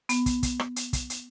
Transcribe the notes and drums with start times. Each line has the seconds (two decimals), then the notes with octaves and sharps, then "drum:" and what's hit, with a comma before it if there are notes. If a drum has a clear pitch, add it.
0.09 B3, drum: hi-hat
0.26 drum: kick, hi-hat
0.43 drum: kick, hi-hat
0.59 drum: rim click
0.76 drum: hi-hat
0.93 drum: kick, hi-hat
1.10 drum: hi-hat